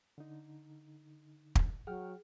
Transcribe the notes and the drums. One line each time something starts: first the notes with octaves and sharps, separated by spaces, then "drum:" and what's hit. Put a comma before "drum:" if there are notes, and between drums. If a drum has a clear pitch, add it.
D3 D#4
drum: kick
F#3 G#4 F#5 G5 F6